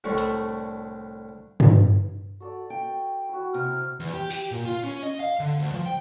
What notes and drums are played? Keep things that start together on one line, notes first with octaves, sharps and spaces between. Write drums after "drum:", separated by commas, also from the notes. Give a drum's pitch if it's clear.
C2 A2 D3 A3 C#6
drum: hi-hat
drum: tom G2
F#4 A4 D5
G5
E4 F#4
C3 C4 E4 F6
E2
G4
G4, drum: open hi-hat
A#2
F4
C#4
D#5
F5
D3
D2
F3
G5